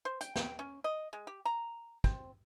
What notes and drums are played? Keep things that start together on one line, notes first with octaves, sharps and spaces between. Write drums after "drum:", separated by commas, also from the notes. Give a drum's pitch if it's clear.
C5
G5, drum: hi-hat
G5, drum: snare
C#4
D#5
G#3
G4
A#5
C4, drum: kick